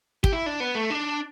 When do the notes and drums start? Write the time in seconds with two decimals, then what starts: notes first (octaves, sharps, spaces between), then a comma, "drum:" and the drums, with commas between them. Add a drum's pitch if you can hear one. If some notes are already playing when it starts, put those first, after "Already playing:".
0.24 G4, drum: kick
0.32 E4
0.46 D4
0.60 B3
0.75 A3
0.90 D4